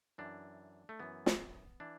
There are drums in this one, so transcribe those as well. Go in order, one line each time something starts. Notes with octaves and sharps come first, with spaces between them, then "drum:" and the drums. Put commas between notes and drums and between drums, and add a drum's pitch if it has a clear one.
F#2 E3 D4
A3
F#2 E3 B3
drum: snare
E3 D4